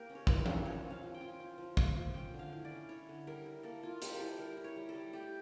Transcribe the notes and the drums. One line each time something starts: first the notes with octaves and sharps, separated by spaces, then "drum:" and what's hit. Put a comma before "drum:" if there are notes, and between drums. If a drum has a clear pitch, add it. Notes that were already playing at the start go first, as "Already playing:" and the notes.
Already playing: A#3 G4 A#4
C#4
C#5
E3, drum: kick
A#4
C#4, drum: tom E3
F3 C#5
C#4
F5
F3
G5
F4
F4
F3
F3, drum: kick
F3
C#4 G5
D3
F5
E4
D5
C#4
E4 C#5
D3
G3 A#4
E4
A#3 A4
A#3 F4
G3 G4, drum: hi-hat
A#4
E4 A4
G3 A#4
E4
C#5
G3
A4
G3
A3 G4